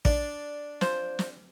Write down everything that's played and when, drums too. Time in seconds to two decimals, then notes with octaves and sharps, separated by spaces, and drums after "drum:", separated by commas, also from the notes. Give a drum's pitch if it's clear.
0.05 D4, drum: kick
0.81 F3 C5, drum: snare
1.19 drum: snare